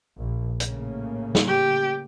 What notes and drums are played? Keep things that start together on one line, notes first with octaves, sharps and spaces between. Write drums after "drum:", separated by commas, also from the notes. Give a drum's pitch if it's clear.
A#1
A2 C#3 A#3, drum: hi-hat
drum: snare
G4